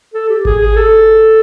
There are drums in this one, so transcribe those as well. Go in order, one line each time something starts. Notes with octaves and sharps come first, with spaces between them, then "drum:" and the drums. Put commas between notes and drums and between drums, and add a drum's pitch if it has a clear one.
A4
G4
G#4, drum: kick G#1
G#4
A4